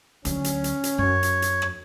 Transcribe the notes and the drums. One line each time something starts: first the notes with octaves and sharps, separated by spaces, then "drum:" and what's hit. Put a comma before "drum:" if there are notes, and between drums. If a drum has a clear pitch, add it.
D2 F#3 C#4, drum: hi-hat
drum: hi-hat
drum: hi-hat
drum: hi-hat
F#2 C#5
drum: hi-hat
drum: hi-hat
drum: rim click